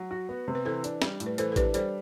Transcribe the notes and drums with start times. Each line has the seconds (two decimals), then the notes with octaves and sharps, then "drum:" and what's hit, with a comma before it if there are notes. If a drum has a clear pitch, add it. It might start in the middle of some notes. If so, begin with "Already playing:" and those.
Already playing: F#3
0.11 F#4
0.29 B3
0.48 C3
0.55 B4
0.65 E3 A4 C5
0.84 D4, drum: hi-hat
1.02 G3, drum: snare
1.20 A2, drum: hi-hat
1.26 B4
1.38 E3 A4 C5, drum: hi-hat
1.52 A4
1.56 D4 G4 B4, drum: kick A1, hi-hat
1.74 G3 A4 C5, drum: hi-hat